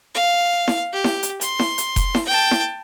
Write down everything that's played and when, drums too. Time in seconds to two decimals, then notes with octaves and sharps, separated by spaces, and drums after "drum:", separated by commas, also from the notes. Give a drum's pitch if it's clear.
0.15 F5
0.68 drum: snare E4
0.93 G4
1.04 drum: snare E4
1.23 drum: hi-hat
1.41 C6, drum: hi-hat
1.59 drum: snare E4
1.78 drum: hi-hat
1.96 drum: kick F1, hi-hat
2.15 drum: snare E4
2.26 G5 A5
2.51 drum: snare E4